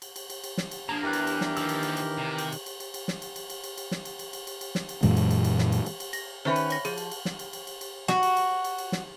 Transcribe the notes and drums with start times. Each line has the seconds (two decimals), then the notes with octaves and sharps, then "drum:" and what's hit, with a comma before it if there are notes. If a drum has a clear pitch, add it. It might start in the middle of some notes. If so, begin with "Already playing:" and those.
0.02 drum: cymbal
0.16 drum: cymbal
0.30 drum: cymbal
0.44 drum: cymbal
0.57 drum: snare
0.71 drum: cymbal
0.89 F3 A#3 D4 G#4 A5 A#5
1.03 E2 E3 G4 A#4 A#5 F#6
1.13 drum: cymbal
1.27 drum: cymbal
1.41 drum: snare
1.57 D#2 D#3 F3 E6, drum: cymbal
1.69 drum: cymbal
1.83 drum: cymbal
1.97 drum: cymbal
2.18 C3
2.38 drum: cymbal
2.52 drum: cymbal
2.66 drum: cymbal
2.80 drum: cymbal
2.94 drum: cymbal
3.08 drum: snare
3.22 drum: cymbal
3.36 drum: cymbal
3.50 drum: cymbal
3.64 drum: cymbal
3.78 drum: cymbal
3.91 drum: snare
4.05 drum: cymbal
4.19 drum: cymbal
4.33 drum: cymbal
4.47 drum: cymbal
4.61 drum: cymbal
4.75 drum: snare
4.89 drum: cymbal
5.03 F#2 A#2 E3 G#3, drum: cymbal
5.17 drum: cymbal
5.31 drum: cymbal
5.44 drum: cymbal
5.58 drum: snare
5.72 drum: cymbal
5.86 drum: cymbal
6.00 drum: cymbal
6.13 A#6, drum: cymbal
6.45 D#3 C#4 B4 C5 E5
6.56 drum: cymbal
6.70 C#5 A#6, drum: cymbal
6.85 F3 G#4, drum: cymbal
6.98 drum: cymbal
7.11 drum: cymbal
7.25 drum: snare
7.39 drum: cymbal
7.53 drum: cymbal
7.67 drum: cymbal
7.81 drum: cymbal
8.08 F#4, drum: snare
8.23 drum: cymbal
8.37 drum: cymbal
8.64 drum: cymbal
8.78 drum: cymbal
8.92 drum: snare